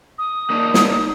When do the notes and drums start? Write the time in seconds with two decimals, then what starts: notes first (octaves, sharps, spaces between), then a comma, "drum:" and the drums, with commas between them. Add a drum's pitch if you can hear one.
0.19 D#6
0.50 A#3 D4 D#4
0.74 drum: snare